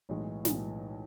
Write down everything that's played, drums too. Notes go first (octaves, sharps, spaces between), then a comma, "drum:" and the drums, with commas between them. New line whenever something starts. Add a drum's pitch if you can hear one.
B1 A2 E3 G#3
B1 A2 E3 G#3, drum: snare